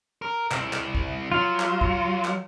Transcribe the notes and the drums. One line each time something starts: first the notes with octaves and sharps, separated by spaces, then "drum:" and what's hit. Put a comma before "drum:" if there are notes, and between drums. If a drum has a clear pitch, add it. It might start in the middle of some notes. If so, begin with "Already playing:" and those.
A#4
C3 E4, drum: clap
drum: clap
drum: kick
F#3 F4
drum: clap
drum: kick
drum: clap